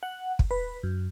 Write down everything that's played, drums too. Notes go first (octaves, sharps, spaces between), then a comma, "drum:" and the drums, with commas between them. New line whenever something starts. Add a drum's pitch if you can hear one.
F#5
drum: kick
B4
F#2